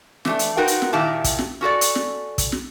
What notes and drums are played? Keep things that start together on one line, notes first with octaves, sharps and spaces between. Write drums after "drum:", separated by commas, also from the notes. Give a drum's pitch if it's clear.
E3 A3 D4, drum: snare
drum: hi-hat
D#4 F4 F#4 A#4 B4 G5
drum: hi-hat
drum: snare
A#2 D#3 E4 G4 A5
drum: kick, hi-hat
drum: snare
C#4 F#4 A4 D5
drum: hi-hat
drum: snare
drum: kick, hi-hat
drum: snare